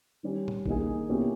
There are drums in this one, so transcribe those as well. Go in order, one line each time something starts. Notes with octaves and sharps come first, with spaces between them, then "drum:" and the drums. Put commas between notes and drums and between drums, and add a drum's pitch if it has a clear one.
D#3 G3 C#4 G4
drum: tom
D#3 A#3 D#4 G#4, drum: kick
B2 A#3 C#4 E4 G4